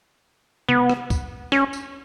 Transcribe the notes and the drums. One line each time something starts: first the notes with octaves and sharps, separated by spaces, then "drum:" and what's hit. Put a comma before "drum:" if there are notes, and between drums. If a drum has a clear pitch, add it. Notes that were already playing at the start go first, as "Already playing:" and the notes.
B3, drum: tom C3
drum: rim click
drum: kick C#2, tambourine
C#4, drum: rim click
drum: tambourine